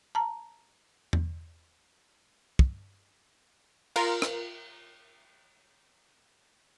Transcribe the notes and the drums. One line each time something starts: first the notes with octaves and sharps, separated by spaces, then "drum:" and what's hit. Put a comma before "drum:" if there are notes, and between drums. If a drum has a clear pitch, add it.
A5 A#5
drum: tom E2
drum: kick
F4 A#4, drum: cymbal
drum: rim click